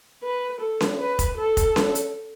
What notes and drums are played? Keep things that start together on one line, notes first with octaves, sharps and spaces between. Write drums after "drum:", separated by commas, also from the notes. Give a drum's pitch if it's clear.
B4
A4
drum: snare C#4
B4
drum: kick F1, hi-hat
A4
drum: kick F1, hi-hat
drum: snare C#4
drum: hi-hat